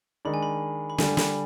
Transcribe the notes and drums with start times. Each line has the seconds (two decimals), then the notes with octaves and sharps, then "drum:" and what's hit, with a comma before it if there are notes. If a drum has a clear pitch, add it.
0.25 D#3 G#3 D4 B5
0.34 G#5
0.43 B5
0.90 B5
0.98 D3 G3 D4 G#5, drum: snare
1.17 B5, drum: snare